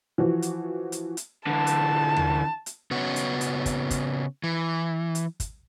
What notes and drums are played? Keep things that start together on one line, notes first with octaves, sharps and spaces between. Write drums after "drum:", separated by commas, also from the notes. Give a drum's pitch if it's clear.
E3 F3 F#4
drum: hi-hat
drum: hi-hat
drum: hi-hat
D3 E3 A5
drum: hi-hat
drum: tom
drum: hi-hat
C#3 B3 C#4 F#4
drum: hi-hat
drum: hi-hat
drum: kick, hi-hat
drum: kick, hi-hat
E3
drum: hi-hat
drum: kick, hi-hat